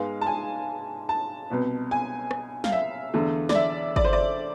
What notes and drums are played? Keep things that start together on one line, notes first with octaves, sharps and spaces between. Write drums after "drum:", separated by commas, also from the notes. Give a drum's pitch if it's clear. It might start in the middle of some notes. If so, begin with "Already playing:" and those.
Already playing: G#2 G#3 B3 F5
A5
G#5
A5
C2 B2 B3
G#5
drum: rim click
F5, drum: snare
E5
E2 D3 A3
D5, drum: snare
E5
D5, drum: kick G1
C5
D5